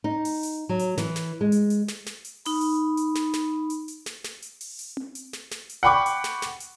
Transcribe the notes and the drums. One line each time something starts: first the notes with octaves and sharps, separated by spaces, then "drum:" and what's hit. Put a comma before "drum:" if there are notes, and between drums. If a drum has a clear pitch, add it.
D#4
drum: open hi-hat
drum: hi-hat
F#3
drum: hi-hat
E3, drum: snare
drum: snare
G#3
drum: hi-hat
drum: hi-hat
drum: snare
drum: snare
drum: hi-hat
D#4 B5, drum: open hi-hat
drum: hi-hat
drum: hi-hat
drum: snare
drum: snare
drum: hi-hat
drum: hi-hat
drum: snare
drum: snare
drum: hi-hat
drum: open hi-hat
drum: hi-hat
drum: tom C4
drum: hi-hat
drum: snare
drum: snare
drum: hi-hat
F#5 G5 B5 C#6 D6
drum: hi-hat
drum: snare
drum: snare
drum: hi-hat